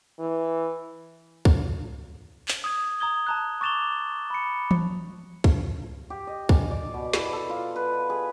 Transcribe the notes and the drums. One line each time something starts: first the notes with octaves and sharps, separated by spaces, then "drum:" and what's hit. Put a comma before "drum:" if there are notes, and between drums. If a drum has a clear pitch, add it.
E3
drum: kick
drum: clap
D#6 G#6
A#5 D#6 G#6 G7
A5 A#5 F#6
C#6 D6 A6 E7 F7 G7
B5 C#7
drum: tom E3
drum: kick
G4
D#5
G#5, drum: kick
D5
B2
E4, drum: snare
A4
F4
B4
G#4